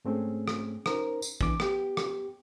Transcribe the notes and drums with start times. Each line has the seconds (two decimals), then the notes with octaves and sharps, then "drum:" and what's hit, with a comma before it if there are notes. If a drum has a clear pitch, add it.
0.05 G#2 A3 C4 C#4 G#4
0.48 drum: rim click
0.86 C#4 D#4 A#4 C5, drum: rim click
1.22 drum: tambourine
1.41 E3 B3 D4 D6, drum: kick
1.60 B3 G4, drum: rim click
1.97 drum: rim click